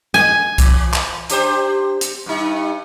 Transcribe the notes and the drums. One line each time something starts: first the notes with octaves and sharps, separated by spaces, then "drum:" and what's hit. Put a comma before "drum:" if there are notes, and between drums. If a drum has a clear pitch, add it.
G#5
E3, drum: kick C2, hi-hat
drum: clap
D4 G4 C5, drum: hi-hat
drum: hi-hat
G2 D#4